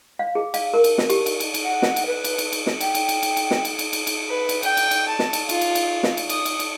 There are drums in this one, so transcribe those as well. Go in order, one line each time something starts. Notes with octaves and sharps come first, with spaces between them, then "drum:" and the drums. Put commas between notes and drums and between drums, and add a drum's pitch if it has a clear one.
F5
G#4
F5, drum: cymbal
A#4
drum: cymbal
drum: snare
G4, drum: cymbal
drum: cymbal
drum: cymbal
drum: cymbal
F#5
drum: snare
drum: cymbal
B4
drum: cymbal
drum: cymbal
drum: cymbal
drum: snare
G5, drum: cymbal
drum: cymbal
drum: cymbal
drum: cymbal
drum: cymbal
drum: snare
drum: cymbal
drum: cymbal
drum: cymbal
drum: cymbal
B4
drum: cymbal
G5, drum: cymbal
drum: cymbal
drum: cymbal
A5
drum: snare
drum: cymbal
F4, drum: cymbal
drum: cymbal
drum: cymbal
drum: snare
drum: cymbal
D#6, drum: cymbal
drum: cymbal
drum: cymbal